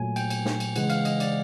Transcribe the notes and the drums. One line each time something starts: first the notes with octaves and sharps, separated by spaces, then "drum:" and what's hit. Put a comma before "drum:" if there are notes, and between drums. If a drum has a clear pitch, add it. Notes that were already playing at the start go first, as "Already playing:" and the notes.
Already playing: A#2 F#3 A3 G#5
G5, drum: cymbal
drum: cymbal
drum: snare
drum: cymbal
C#3 E3 G#3 F#5, drum: cymbal
F5, drum: cymbal
D#5, drum: cymbal
D5, drum: cymbal